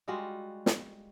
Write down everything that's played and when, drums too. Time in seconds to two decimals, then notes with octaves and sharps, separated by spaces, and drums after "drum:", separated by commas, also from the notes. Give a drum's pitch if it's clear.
0.08 G3 G#3 F4 F#4
0.66 drum: snare